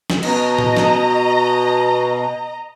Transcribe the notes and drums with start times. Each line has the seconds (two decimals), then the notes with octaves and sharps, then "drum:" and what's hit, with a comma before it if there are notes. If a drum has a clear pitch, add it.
0.10 drum: snare
0.23 B2 D#5 A#5, drum: cymbal
0.59 drum: tom A2
0.77 drum: snare